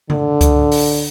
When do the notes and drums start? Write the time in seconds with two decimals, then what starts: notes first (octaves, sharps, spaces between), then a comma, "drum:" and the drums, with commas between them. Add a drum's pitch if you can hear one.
0.10 D3, drum: tom C#3
0.41 drum: kick C#2, hi-hat
0.72 drum: open hi-hat